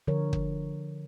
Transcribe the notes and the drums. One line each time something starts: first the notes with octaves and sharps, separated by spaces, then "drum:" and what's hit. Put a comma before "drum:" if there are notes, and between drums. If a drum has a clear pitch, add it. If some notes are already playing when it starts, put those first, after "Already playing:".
D3 F3 A#4 C#5
drum: kick